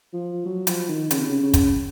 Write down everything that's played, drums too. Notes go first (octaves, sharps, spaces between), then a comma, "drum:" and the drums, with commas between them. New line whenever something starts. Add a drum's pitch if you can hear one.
F3
F#3
F3, drum: hi-hat
D#3
C#3, drum: hi-hat
C3
C#3
C#3
drum: kick, hi-hat